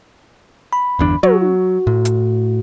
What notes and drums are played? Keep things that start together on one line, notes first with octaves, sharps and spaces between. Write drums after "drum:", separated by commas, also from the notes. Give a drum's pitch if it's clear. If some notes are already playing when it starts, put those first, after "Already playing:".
B5
G1 E2 D4
F#3 F#4, drum: tom
A2
drum: hi-hat